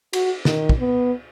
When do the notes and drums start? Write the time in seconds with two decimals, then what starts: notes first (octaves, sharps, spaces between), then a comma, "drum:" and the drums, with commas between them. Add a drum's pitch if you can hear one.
0.13 F#4, drum: cymbal
0.45 D#3, drum: snare
0.69 drum: kick
0.80 B3